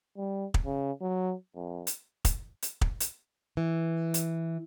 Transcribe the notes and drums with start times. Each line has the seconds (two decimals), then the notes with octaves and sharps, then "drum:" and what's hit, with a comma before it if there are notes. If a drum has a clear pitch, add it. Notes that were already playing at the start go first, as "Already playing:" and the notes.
0.17 G3
0.54 drum: kick
0.65 C#3
1.01 F#3
1.56 F2
1.87 drum: hi-hat
2.25 drum: kick, hi-hat
2.62 drum: hi-hat
2.81 drum: kick
3.00 drum: hi-hat
3.57 E3
4.14 drum: hi-hat